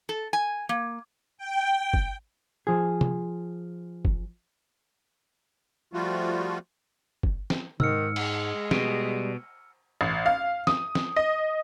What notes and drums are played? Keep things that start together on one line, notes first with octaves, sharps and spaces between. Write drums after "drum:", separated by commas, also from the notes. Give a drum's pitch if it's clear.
A4
G#5
A#3
G5
drum: kick
F3 G#4
drum: tom
drum: kick
F3 G3 A3 F4 F#4
drum: kick
drum: snare
G#2 D#3 E6 F6 C#7, drum: tom
G#3, drum: cymbal
B2 G3, drum: snare
A1
F5
D#6, drum: snare
drum: snare
D#5